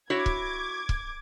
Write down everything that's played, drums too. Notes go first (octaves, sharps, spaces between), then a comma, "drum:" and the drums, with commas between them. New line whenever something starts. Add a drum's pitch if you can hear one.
E4 F#4 C#5 D6 G#6
drum: kick
drum: kick